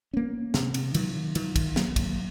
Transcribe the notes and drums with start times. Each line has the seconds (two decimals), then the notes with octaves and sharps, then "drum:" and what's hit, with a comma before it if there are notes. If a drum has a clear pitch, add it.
0.13 A#3 C#4
0.54 C3, drum: snare
0.74 drum: cymbal
0.94 D#3 F#3, drum: cymbal
1.35 D#3, drum: cymbal
1.56 drum: kick, cymbal
1.76 F#3 A#3, drum: snare
1.96 drum: kick, cymbal